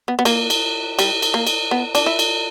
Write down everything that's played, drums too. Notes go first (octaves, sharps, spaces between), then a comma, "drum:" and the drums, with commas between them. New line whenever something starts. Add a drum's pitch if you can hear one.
B3
B3
A#3, drum: cymbal
drum: cymbal
G3, drum: cymbal
drum: cymbal
A#3
drum: cymbal
B3
D4, drum: cymbal
E4
drum: cymbal